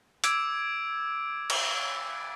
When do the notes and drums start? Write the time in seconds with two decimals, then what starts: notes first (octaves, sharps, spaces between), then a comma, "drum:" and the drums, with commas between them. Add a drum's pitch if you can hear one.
0.24 D6 E6 G#6 D7, drum: hi-hat
1.50 drum: cymbal